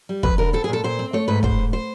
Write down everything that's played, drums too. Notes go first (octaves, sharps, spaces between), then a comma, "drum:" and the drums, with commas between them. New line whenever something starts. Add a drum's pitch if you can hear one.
G3
F2 B4, drum: kick
D3 A#4
C4 A4
G#4
A#2 A4
A#2 C5
C4
A3 C#5
G#2 B4
G#2 C5, drum: kick
G#2
C5